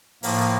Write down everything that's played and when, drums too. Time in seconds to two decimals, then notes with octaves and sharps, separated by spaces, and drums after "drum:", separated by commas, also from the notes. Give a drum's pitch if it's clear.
0.23 A2 F3 A#3, drum: open hi-hat